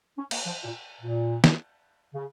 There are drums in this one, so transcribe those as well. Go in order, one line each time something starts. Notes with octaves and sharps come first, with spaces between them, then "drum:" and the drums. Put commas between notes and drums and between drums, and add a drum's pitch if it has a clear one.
C#4
A#3, drum: cymbal
F3
A#2
A#2
drum: snare
C#3